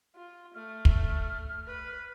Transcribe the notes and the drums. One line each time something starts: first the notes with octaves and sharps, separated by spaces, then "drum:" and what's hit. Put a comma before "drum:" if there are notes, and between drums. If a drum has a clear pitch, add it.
F4
A3 F6
drum: kick
B4